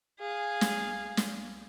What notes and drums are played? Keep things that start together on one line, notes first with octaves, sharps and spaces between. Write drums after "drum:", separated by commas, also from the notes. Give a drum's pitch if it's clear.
G#4 F5
drum: snare
drum: snare